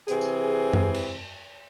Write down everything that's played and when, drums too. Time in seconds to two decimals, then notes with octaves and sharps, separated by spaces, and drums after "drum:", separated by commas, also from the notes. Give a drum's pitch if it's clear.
0.08 C3 E3 C4 G#4, drum: hi-hat
0.21 drum: tambourine
0.73 drum: tom F#2
0.94 drum: cymbal